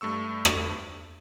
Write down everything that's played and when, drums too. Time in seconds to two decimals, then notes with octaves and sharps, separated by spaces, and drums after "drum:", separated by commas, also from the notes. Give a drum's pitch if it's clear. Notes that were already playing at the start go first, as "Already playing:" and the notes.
0.01 G2 A3 C#6 E6
0.45 drum: rim click